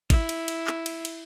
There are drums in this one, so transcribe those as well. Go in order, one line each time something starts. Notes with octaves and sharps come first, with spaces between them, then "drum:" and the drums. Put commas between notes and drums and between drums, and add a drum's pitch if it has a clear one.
E4, drum: kick, cymbal
drum: cymbal
drum: cymbal
drum: clap
drum: cymbal
drum: cymbal